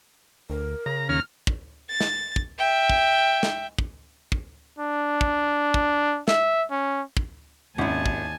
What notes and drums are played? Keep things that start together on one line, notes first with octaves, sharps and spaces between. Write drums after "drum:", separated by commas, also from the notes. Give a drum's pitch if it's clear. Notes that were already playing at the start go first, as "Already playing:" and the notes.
D2 A#4
C#3 A#5
D#2 C#4 A#5 F6
drum: kick
A6
drum: snare
drum: kick
E5 G5
drum: kick
drum: snare
drum: kick
drum: kick
D4
drum: kick
drum: kick
E5, drum: snare
C#4
drum: kick
G#1 D#2 C#4 E4 G#5 A5
drum: kick